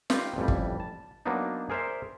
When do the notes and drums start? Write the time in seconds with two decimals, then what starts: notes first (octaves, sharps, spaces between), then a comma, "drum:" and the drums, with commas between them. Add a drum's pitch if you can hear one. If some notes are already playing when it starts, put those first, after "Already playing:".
0.10 D#4 F4 G4 B4, drum: snare
0.36 A1 F2 E3 G3
0.48 drum: kick
0.80 A5
1.26 F#3 A#3 B3 D4 D#4
1.70 G#4 A#4 C5 D5 E5